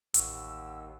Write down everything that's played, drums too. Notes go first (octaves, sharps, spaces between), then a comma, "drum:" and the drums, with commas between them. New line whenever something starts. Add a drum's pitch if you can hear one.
A1 D#2 F#4 E6, drum: hi-hat